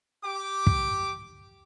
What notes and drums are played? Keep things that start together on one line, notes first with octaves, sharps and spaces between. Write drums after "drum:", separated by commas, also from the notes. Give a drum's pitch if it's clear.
G4 D6
drum: kick